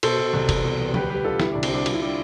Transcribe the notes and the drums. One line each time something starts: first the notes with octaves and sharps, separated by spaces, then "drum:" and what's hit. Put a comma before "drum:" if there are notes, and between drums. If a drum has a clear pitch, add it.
B2 A4 C5, drum: cymbal
B2
C2
E2, drum: kick F#1, cymbal
B2
E2
D2 G4 B4, drum: tom F3
G3 G4 B4
D3 F4 A4
G3 E4, drum: snare
D4
C2
C4, drum: cymbal
G3 D4
G3 F4, drum: cymbal
E4
G3 D4